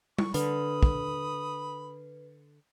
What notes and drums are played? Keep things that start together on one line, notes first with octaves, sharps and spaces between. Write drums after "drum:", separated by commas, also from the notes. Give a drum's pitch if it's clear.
C#6, drum: tom G3
D3 B4 B5 D#6, drum: hi-hat
drum: kick